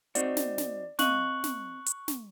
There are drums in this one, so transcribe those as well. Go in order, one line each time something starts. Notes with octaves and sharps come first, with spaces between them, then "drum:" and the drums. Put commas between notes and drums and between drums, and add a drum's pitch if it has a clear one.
C4 D#4 F#4 D5, drum: hi-hat
drum: snare
drum: snare
C4 D#5 F5 C#6 F#6 F#7, drum: snare
drum: snare
drum: hi-hat
drum: snare